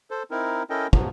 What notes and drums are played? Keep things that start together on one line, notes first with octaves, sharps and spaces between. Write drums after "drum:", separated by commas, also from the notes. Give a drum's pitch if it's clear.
A4 C5
C4 D#4 E4 A#4
C#4 E4 A4 A#4 D#5 G5
E2 B2 F3 F#3, drum: kick